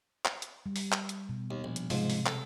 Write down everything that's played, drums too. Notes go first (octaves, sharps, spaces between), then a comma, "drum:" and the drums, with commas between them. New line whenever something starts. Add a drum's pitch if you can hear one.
drum: clap
drum: hi-hat
G3
drum: open hi-hat
drum: clap
drum: hi-hat
B2
D#2
A#1
drum: hi-hat
G#2 C3 F3, drum: open hi-hat
drum: open hi-hat
A4, drum: clap